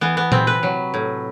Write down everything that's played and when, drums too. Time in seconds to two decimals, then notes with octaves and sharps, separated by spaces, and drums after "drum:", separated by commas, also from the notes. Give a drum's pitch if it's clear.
0.01 E3 B3
0.17 B3
0.32 C3 C4, drum: tom A#2
0.47 B4
0.63 F#3
0.94 A2